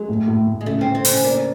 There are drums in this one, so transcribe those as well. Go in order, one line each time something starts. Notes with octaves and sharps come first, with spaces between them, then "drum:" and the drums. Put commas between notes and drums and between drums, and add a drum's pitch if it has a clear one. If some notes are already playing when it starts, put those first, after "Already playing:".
Already playing: F#3 G#3
A2
A2
A2
G#3
C#3 A3
C#3 C4
C4
C#3, drum: open hi-hat
C#4
A#3 D4